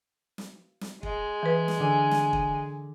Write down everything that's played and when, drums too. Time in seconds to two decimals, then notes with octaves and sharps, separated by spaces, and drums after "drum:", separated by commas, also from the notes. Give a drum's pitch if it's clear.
0.38 drum: snare
0.81 drum: snare
1.03 G#3, drum: kick
1.43 E3 B4
1.68 drum: snare
1.80 D3 G#5
2.11 drum: snare
2.33 drum: kick